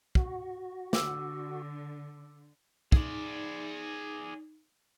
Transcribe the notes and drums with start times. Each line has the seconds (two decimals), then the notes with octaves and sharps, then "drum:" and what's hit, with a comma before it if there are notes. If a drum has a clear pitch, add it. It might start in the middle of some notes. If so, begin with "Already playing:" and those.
0.15 F#4, drum: kick
0.93 D3 D6 E6, drum: snare
2.92 D#4 G#4 D5, drum: kick